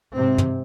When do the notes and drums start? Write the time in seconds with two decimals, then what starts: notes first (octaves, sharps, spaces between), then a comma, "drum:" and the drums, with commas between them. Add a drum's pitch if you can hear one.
0.15 G#2 C3 C4
0.38 drum: tom